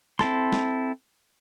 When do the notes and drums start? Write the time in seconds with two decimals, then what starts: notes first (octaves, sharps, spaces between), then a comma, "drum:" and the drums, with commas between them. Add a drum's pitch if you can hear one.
0.19 C4 E4 A4 C6, drum: snare
0.52 drum: snare